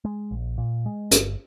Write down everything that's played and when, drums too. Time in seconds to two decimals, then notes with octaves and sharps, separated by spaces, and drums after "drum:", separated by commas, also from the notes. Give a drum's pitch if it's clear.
0.05 G#3
0.31 A#1
0.58 A#2
0.86 G#3
1.11 G1, drum: hi-hat